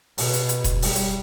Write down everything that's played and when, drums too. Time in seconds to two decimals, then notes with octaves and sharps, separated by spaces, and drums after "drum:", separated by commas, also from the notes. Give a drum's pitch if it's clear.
0.18 B2, drum: open hi-hat
0.33 drum: hi-hat
0.49 drum: hi-hat
0.64 drum: kick E1, hi-hat
0.82 G3, drum: open hi-hat
0.95 drum: hi-hat